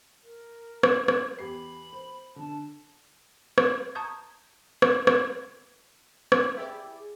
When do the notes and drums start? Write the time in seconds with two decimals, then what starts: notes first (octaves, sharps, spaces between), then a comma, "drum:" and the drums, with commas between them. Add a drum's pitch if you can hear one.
0.24 A#4
0.83 drum: rim click
1.08 drum: rim click
1.38 E2 G4 B5 C7
1.93 C5
2.36 D3 A5
3.58 drum: rim click
3.95 A5 A#5 C#6 D#6 G6 G#6
4.82 drum: rim click
5.07 drum: rim click
6.32 drum: rim click
6.57 E4 G4 G#4 D5